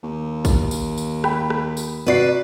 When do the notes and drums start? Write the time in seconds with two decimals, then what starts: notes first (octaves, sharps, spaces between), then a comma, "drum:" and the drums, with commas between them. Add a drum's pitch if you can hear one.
0.03 D#2
0.45 drum: kick, tambourine
0.71 drum: tambourine
0.98 drum: tambourine
1.24 G5 B5, drum: rim click
1.50 drum: rim click
1.77 drum: tambourine
2.07 C3 F#4 B4 D5 C7